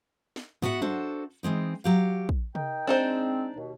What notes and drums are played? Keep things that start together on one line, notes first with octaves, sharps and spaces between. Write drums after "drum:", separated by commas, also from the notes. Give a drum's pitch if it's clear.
drum: snare
B3 F#4 E5 F#5, drum: tom
D4 F#4 A4 C5, drum: tom F#3
E3 G#3 C4 D#4
F#3 G4 F5
drum: kick
D#4 A#4 G5, drum: tom C3
G#3 C4 D4 D#4 C5
D#2 B2